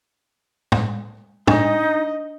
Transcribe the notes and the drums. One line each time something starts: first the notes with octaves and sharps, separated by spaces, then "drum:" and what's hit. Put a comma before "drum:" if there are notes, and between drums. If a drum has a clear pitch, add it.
drum: tom
D4 D#4 D#5, drum: tom